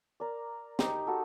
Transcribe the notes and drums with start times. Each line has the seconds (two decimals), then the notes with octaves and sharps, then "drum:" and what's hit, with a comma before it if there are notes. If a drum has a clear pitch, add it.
0.20 A#4 D5
0.79 D#4 G4, drum: snare
1.07 F#4 A4